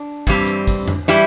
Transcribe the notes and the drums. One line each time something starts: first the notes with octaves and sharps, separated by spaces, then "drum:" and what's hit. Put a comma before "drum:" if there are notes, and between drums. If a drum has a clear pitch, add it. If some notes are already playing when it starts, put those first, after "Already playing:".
Already playing: D4
G2 E3 G3 C4, drum: kick, hi-hat
drum: hi-hat
drum: kick, hi-hat
drum: tom F2
E3 G3 E4, drum: snare